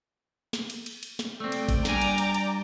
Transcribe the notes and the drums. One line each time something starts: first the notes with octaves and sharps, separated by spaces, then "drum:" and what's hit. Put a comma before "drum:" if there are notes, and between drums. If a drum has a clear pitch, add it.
drum: snare
drum: cymbal
drum: cymbal
drum: cymbal
drum: snare
A3 C4 D5 G5
drum: cymbal
drum: kick G#1, cymbal
G2 G#5 A#5 D6, drum: snare
drum: cymbal
drum: cymbal
drum: cymbal